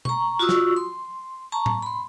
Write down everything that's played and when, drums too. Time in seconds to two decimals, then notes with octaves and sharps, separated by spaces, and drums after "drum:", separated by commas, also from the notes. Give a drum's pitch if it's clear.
0.05 A#5 C#6, drum: tom B2
0.39 F4 F#4 C#6 D#6 E6
0.49 drum: snare
0.77 C6
1.52 A5 A#5 C#6
1.66 drum: tom A2
1.82 B5 C6